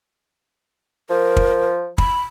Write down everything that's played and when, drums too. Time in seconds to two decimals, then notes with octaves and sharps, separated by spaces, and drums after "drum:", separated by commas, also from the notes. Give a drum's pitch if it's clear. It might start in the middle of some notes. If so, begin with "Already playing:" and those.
1.10 F3 A#4
1.36 drum: kick
1.98 B5, drum: kick